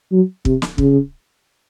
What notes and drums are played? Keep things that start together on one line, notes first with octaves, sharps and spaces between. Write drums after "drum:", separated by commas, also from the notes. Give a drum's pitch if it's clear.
F#3
C3, drum: kick
drum: snare
C#3, drum: kick